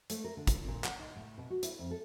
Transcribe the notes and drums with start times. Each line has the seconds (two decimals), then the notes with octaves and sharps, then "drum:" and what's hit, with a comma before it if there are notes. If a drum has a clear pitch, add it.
0.10 A3, drum: hi-hat
0.24 A#4
0.37 D3
0.47 drum: kick, hi-hat
0.68 A#2
0.84 F#5, drum: clap
1.00 D#4
1.16 A2
1.38 B2
1.50 F#4
1.63 E4, drum: hi-hat
1.79 F2
1.91 A4